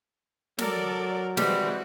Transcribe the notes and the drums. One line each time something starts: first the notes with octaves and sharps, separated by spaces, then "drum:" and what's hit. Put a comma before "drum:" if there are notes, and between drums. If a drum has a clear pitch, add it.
F#3 A4 A#4 D5, drum: snare
E3 G3 G#3 C4 F#4, drum: snare